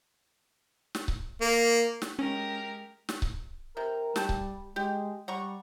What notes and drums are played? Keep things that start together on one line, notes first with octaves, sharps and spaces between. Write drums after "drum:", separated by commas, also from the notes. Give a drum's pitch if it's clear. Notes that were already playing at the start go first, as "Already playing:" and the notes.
drum: snare
drum: kick C#1
A#3
drum: snare
G#3 C#4 G4 A#4
drum: snare
drum: kick C#1
C3 A#4
G3 G4 A5, drum: snare
drum: kick C#1
G#3 G4
G3 F#5 A#5 C#6